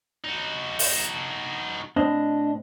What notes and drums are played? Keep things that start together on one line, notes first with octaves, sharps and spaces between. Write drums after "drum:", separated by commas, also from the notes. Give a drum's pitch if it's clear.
D#4 F#4
drum: open hi-hat
A2 C4 D4 D#5